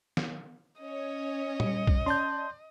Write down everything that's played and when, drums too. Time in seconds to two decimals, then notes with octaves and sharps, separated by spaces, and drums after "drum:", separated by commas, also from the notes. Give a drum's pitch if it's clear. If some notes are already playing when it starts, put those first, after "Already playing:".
0.17 drum: snare
0.81 C#4 C#5 D#5
1.60 G3 C#7, drum: tom
1.87 drum: kick
2.06 C#4 D5 A5 C6 G6